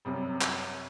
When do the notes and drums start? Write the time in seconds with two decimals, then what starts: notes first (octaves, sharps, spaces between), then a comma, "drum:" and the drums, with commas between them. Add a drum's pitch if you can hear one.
0.05 F#2 C3 G3
0.41 drum: clap